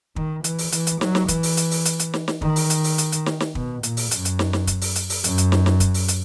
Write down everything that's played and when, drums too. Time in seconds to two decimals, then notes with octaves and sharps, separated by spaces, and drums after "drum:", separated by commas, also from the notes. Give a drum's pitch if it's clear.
0.16 D#3, drum: kick
0.44 E3, drum: hi-hat
0.58 drum: open hi-hat
0.72 E3, drum: hi-hat
0.87 drum: hi-hat
1.01 F#3, drum: snare
1.15 drum: snare
1.28 E3, drum: kick, hi-hat
1.43 drum: open hi-hat
1.57 drum: hi-hat
1.71 drum: open hi-hat
1.85 drum: hi-hat
1.99 drum: hi-hat
2.14 drum: snare
2.28 drum: snare
2.42 D#3, drum: kick
2.56 drum: open hi-hat
2.70 drum: hi-hat
2.84 drum: open hi-hat
2.98 drum: hi-hat
3.12 drum: hi-hat
3.26 drum: snare
3.40 drum: snare
3.55 B2, drum: kick
3.83 A#2, drum: hi-hat
3.97 drum: open hi-hat
4.11 F#2, drum: hi-hat
4.25 drum: hi-hat
4.39 drum: snare
4.53 drum: snare
4.67 drum: kick, hi-hat
4.81 drum: open hi-hat
4.96 drum: hi-hat
5.10 drum: open hi-hat
5.24 F#2, drum: hi-hat
5.38 drum: hi-hat
5.52 drum: snare
5.66 drum: snare
5.80 drum: kick, hi-hat
5.94 drum: open hi-hat
6.08 drum: hi-hat